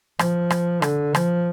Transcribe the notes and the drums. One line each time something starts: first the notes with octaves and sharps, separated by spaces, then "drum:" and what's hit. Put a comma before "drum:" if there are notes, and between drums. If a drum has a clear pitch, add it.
F3, drum: rim click
drum: rim click
D3, drum: rim click
F3, drum: rim click